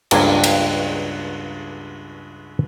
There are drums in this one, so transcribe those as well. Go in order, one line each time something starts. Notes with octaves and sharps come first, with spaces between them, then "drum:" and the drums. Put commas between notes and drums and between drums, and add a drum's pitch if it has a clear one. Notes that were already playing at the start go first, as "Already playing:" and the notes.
C#2 G2 A#3 A#4 F5 G#5, drum: cymbal
drum: cymbal